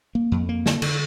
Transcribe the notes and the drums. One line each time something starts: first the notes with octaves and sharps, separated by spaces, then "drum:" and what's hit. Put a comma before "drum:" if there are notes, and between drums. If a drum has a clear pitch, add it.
A#3
F2
A#3
D3, drum: snare
D3, drum: cymbal